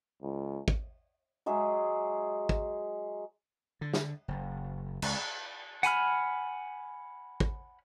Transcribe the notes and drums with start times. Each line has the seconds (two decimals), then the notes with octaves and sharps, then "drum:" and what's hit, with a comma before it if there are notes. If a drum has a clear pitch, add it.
0.23 C#2
0.68 drum: kick
1.46 F#3 G#3 G#4 E5
2.49 drum: kick
3.81 D3
3.94 drum: snare
4.28 F#1
5.02 C#2, drum: cymbal
5.83 F#5 G#5 B5 F6, drum: hi-hat
7.40 drum: kick